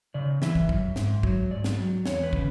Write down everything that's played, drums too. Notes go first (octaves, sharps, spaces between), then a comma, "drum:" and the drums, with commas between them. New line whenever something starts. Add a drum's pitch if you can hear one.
C#3 D5
E3 E5, drum: snare
drum: kick
F#2, drum: kick
G#2, drum: snare
F#3, drum: kick
G#2 D5
drum: snare
F#3
E2 C#5, drum: snare
B4
C#3, drum: kick